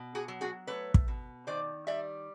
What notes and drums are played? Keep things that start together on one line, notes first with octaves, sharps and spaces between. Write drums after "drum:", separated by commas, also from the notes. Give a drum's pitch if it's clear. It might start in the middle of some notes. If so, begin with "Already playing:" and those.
Already playing: B2
F#4 G#4
F#3
F#4 G#4
A3 B4 C#5
drum: kick
B2
D#3 C5 D5
G3 D5 E5